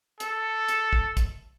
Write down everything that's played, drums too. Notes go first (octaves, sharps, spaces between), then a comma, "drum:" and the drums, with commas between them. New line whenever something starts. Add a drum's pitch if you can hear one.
A4, drum: hi-hat
drum: hi-hat
drum: kick
drum: kick, hi-hat